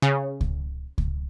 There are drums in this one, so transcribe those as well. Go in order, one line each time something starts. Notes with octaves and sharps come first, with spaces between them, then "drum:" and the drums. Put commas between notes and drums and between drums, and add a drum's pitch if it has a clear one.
C#3
drum: kick C#2
drum: kick C#2